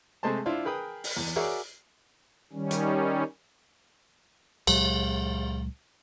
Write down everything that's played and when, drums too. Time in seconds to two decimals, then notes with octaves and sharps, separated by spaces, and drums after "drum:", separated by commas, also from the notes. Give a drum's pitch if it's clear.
0.23 C3 G#3 A3 G#4 C5 A5
0.46 D4 E4 F4 C5
0.65 G#4 A#4 B4 G5 D#6
1.04 drum: open hi-hat
1.17 E2
1.36 F#4 G#4 A#4 C#5 D5 E5
2.53 D#3 G3 C#4
2.71 drum: hi-hat
4.67 C#2 A#2 F#3 G#3, drum: cymbal